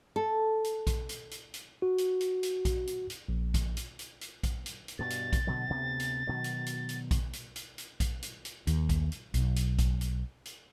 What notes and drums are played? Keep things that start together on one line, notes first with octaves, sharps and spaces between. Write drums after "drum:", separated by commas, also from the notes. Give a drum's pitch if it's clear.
A4
drum: hi-hat
drum: kick A#1, hi-hat
drum: hi-hat
drum: hi-hat
drum: hi-hat
F#4
drum: hi-hat
drum: hi-hat
drum: hi-hat
drum: kick A#1, hi-hat
drum: hi-hat
drum: hi-hat
A#1
drum: kick A#1, hi-hat
drum: hi-hat
drum: hi-hat
drum: hi-hat
drum: kick A#1, hi-hat
drum: hi-hat
drum: hi-hat
G2 B2 A6
drum: hi-hat
drum: kick A#1, hi-hat
B2 D3 F#3
D2 C3 B3
drum: hi-hat
B2 D#3 F#3
drum: hi-hat
drum: hi-hat
drum: hi-hat
drum: kick A#1, hi-hat
drum: hi-hat
drum: hi-hat
drum: hi-hat
drum: kick A#1, hi-hat
drum: hi-hat
drum: hi-hat
D#2, drum: hi-hat
drum: kick A#1, hi-hat
drum: hi-hat
B1, drum: hi-hat
drum: hi-hat
drum: kick A#1, hi-hat
drum: hi-hat
drum: hi-hat